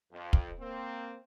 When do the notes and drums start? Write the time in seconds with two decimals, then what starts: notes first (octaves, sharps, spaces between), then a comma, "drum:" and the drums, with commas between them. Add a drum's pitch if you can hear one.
0.13 F2
0.33 drum: kick
0.60 A#3 C4